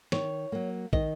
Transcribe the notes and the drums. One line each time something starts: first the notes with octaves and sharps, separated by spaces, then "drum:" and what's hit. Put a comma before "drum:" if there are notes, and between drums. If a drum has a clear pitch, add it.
D#3 C#5, drum: snare
F#3 A#3
D#3 D#5, drum: kick